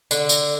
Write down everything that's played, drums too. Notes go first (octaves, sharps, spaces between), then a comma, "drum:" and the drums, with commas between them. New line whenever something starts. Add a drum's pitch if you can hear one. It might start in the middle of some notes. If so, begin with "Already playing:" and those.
D3, drum: tambourine
drum: tambourine